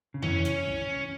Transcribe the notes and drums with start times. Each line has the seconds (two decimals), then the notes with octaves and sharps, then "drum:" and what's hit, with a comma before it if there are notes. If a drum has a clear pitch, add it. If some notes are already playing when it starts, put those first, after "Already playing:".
0.14 C#3
0.22 E3 C#4, drum: tom F2
0.45 drum: hi-hat
0.68 drum: kick